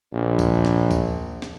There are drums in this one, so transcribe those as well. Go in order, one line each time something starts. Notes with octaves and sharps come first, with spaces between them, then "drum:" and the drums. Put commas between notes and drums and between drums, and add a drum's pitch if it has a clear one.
A#1
drum: kick C#2, tambourine
drum: snare
drum: kick C#2, tambourine
drum: snare